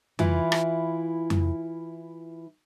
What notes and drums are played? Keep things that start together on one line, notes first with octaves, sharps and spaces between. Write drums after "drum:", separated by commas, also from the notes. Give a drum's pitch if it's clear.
E3 E4 F4, drum: tom F2
drum: rim click
drum: tom F2